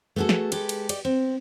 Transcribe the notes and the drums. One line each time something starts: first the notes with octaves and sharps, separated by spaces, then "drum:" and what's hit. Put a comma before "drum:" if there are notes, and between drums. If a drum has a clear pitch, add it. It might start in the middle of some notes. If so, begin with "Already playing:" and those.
A3 B3 F#4 G#4 A4
drum: snare
G#3 G4 A4 B4, drum: cymbal
drum: cymbal
G4 D5 D#5, drum: cymbal
C4